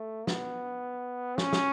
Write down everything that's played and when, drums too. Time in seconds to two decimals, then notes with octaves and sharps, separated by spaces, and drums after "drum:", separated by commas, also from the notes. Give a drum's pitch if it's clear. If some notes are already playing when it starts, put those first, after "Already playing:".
Already playing: A3
0.27 B3, drum: snare
1.38 C#4, drum: snare
1.53 drum: snare